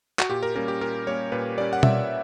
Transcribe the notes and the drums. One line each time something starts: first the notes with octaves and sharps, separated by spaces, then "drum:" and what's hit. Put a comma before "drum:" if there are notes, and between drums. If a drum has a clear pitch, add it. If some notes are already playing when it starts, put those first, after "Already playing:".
F#4, drum: clap
A#2 G4
A#4
G3 A#3 C#4 A#4
G4
A#2 A#4
G3 A#3 C#4 C#5
A#2 B4
G3 A#3 C#4 D5
F#5
A#2 E5, drum: tom B2